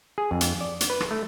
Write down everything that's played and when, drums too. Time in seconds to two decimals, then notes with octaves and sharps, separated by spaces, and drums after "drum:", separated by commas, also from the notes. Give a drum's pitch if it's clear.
0.18 G#4
0.31 F2
0.41 drum: hi-hat
0.61 D5
0.81 drum: hi-hat
0.90 B4
1.00 drum: rim click
1.11 A3